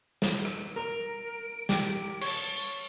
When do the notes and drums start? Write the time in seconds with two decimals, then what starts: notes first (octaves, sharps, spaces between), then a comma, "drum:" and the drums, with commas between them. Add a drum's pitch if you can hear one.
0.22 drum: snare
0.45 drum: rim click
0.76 A#4 D7
1.69 G4, drum: snare
2.21 C#5 A5, drum: cymbal